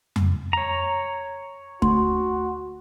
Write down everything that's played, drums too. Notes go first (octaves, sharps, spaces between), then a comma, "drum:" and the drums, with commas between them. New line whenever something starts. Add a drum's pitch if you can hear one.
drum: tom F2
C#5 A#5
D2 F#4 C6, drum: kick